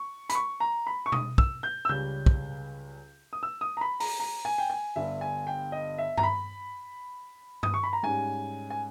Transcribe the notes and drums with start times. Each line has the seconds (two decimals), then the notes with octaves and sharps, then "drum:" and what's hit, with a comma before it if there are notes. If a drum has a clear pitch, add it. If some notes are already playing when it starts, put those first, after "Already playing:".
Already playing: C#6
0.29 B5, drum: hi-hat
0.35 C#6
0.60 A#5
0.87 B5
1.06 C#6
1.12 D#6, drum: tom B2
1.38 E6, drum: kick
1.63 G6
1.85 E6
1.89 C#2 C#3 G3 C#4 G6
2.26 drum: kick
3.33 D#6
3.43 E6
3.61 D#6
3.77 A#5
3.81 B5
4.00 A#5, drum: open hi-hat
4.20 A#5
4.45 G#5
4.58 G5
4.70 G#5
4.96 G1 G2 G3 E5
5.21 G#5
5.47 G5
5.72 D#5
5.98 E5
6.17 A#5, drum: tom G2
6.23 B5
7.63 D#6, drum: tom G2
7.74 C#6
7.83 B5
7.93 A#5
8.03 G#2 G3 C#4 G#5
8.70 G#5